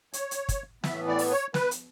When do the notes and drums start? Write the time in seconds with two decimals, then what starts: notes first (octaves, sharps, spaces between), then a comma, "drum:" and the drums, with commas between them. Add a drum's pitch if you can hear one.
0.13 C#5, drum: hi-hat
0.31 drum: hi-hat
0.49 drum: kick, hi-hat
0.84 A2 E3 B3 E5, drum: snare
1.07 D5
1.19 drum: open hi-hat
1.31 C#5
1.54 B4, drum: snare
1.71 drum: hi-hat